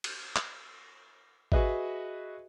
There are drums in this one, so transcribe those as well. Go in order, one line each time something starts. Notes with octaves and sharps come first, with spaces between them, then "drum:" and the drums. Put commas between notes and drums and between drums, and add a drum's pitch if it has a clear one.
drum: cymbal
drum: clap
F#4 G#4 B4 D#5 E5, drum: kick G#1